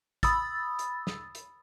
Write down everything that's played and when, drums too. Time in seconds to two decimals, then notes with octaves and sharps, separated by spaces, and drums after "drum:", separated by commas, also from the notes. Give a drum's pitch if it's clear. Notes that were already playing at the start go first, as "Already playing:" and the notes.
0.23 B5 D#6 E6 A6, drum: kick, hi-hat
0.79 drum: hi-hat
1.07 drum: snare
1.35 drum: hi-hat